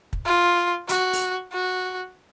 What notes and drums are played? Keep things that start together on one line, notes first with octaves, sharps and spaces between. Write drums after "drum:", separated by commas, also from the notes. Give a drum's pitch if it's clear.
drum: kick
F4
F#4, drum: hi-hat
drum: open hi-hat
F#4